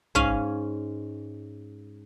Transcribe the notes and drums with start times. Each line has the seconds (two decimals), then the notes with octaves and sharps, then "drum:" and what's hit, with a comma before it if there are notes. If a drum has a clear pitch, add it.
0.15 G#2 C#4 F5 G#5, drum: tom A1